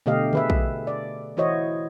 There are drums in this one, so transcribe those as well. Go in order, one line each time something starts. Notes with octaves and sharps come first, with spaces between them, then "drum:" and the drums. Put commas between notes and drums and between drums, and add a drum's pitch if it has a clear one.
B2 D3 A3 G4 D#5 F5
G#4 B4 E5, drum: tom D3
drum: kick
D5
E3 E4 F#4 C5 C#5 D#5